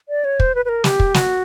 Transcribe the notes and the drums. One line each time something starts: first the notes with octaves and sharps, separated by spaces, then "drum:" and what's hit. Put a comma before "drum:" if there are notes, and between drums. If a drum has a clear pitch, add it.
D5
C#5
C5, drum: kick
B4
B4
A#4
G4, drum: snare
drum: kick
F#4, drum: snare